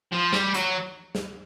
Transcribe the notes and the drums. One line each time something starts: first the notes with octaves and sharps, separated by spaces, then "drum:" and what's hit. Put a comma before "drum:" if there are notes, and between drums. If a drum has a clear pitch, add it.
F3
G3, drum: snare
F#3, drum: hi-hat
drum: snare